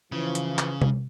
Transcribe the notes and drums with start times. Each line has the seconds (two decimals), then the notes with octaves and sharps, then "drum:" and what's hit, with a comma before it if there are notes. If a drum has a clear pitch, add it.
0.12 C#3 E3 F3
0.35 drum: hi-hat
0.58 drum: clap
0.82 drum: tom C3